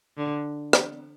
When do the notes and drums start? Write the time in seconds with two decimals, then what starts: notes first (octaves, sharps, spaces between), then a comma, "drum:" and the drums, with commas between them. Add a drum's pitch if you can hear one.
0.17 D3
0.73 drum: rim click